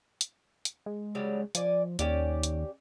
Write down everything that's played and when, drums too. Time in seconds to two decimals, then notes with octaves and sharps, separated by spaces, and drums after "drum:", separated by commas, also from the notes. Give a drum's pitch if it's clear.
0.21 drum: hi-hat
0.65 drum: hi-hat
0.86 G#3
1.15 C#3 F#3 G3
1.55 F3 D5 G#5, drum: hi-hat
1.99 D#2 C#4 G4 D5, drum: hi-hat
2.43 drum: hi-hat